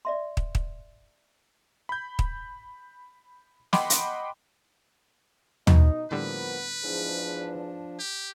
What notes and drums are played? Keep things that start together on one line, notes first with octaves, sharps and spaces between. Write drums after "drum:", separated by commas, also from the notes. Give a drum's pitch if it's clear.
D5 E5 C6
drum: kick
drum: kick
B5 G6
drum: kick
D#5 F#5 G5 B5 C6 D6, drum: snare
drum: hi-hat
B2 D#4, drum: tom
A2 D3 F3 G3 A#3 B3 B4
E2 G#2 F3 D4
G4